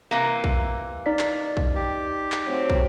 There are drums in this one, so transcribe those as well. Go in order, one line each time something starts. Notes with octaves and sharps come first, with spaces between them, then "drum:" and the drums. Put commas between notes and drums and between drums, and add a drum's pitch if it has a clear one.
C3 E3 A#3
drum: kick
D#4 D5 B6
drum: clap
drum: kick
G4
drum: clap
F#3 A3 C4
drum: kick